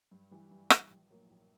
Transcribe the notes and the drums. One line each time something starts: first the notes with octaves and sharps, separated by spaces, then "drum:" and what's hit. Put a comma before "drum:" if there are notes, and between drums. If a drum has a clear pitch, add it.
G2
E3 G3
G2
E3 G3, drum: rim click
A#1
A#2 F#3 A#3
A#1